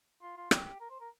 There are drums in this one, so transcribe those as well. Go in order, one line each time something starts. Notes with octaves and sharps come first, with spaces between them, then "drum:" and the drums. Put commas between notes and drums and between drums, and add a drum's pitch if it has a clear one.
F4
F4
G4, drum: rim click
G4
A#4
C5
A#4